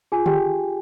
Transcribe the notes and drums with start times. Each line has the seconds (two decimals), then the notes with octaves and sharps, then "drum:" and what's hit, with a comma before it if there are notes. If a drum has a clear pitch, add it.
0.12 F4 G#4 G#5
0.26 G4 G5, drum: tom D3